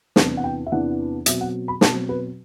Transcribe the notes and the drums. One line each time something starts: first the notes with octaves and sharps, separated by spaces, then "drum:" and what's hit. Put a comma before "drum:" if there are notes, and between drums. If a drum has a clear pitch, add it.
E2 C3 E3 B3 D4 A5, drum: snare
F#5
G5
E5
E2 C3 E3 B3 D4 F#5
B2 F#3 C4 E5, drum: hi-hat
F#5
B5
B2 F#3 C4 A5, drum: snare
B4